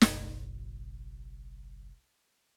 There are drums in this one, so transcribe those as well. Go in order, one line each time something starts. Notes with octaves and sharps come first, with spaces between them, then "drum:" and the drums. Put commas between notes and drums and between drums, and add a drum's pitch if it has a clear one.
F#1 B1, drum: snare